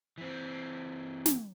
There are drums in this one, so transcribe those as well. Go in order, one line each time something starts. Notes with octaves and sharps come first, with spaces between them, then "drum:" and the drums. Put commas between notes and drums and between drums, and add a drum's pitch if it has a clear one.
E3 C4
drum: snare